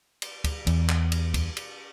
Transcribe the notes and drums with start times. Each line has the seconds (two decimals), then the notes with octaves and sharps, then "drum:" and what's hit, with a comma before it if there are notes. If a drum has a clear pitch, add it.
0.22 drum: cymbal
0.44 drum: kick, cymbal
0.67 E2, drum: cymbal
0.89 drum: clap
1.12 drum: cymbal
1.34 drum: kick, cymbal
1.57 drum: cymbal